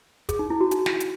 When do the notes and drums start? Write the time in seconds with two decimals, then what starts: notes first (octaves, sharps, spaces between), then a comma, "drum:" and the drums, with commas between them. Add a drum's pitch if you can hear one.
0.29 G#4, drum: kick, hi-hat
0.39 D#4
0.50 E4
0.61 F#4
0.71 D#4, drum: hi-hat
0.86 drum: snare
1.00 drum: hi-hat